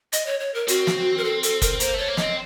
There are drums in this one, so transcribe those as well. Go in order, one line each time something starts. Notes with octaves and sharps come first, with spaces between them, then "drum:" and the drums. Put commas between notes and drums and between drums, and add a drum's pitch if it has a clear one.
D#5, drum: hi-hat
C#5
C#5
A#4
C4 F#4, drum: hi-hat
drum: snare
A#4
A4
A4, drum: hi-hat
A#4, drum: kick F#1, hi-hat
A#3 C5, drum: hi-hat
A3 C#5
A#3
C4 D#5, drum: snare